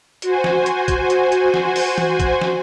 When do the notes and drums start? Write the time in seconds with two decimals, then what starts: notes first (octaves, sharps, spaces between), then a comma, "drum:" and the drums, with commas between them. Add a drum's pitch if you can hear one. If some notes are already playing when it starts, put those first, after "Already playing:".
0.22 F#4 C5 G#5, drum: hi-hat
0.44 drum: snare
0.66 drum: hi-hat
0.88 drum: kick, hi-hat
1.10 drum: hi-hat
1.32 drum: hi-hat
1.54 drum: snare
1.76 drum: open hi-hat
1.98 drum: tom E3
2.20 drum: kick, hi-hat
2.41 drum: snare